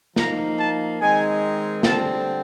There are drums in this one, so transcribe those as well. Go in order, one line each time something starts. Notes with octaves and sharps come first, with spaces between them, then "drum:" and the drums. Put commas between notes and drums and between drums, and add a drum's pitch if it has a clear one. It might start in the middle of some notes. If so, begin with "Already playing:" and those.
F3 A#3 D#4 A#5, drum: snare
A5
D#3 G#3 C4 D#4 G#5
D3 G3 C4 A5, drum: snare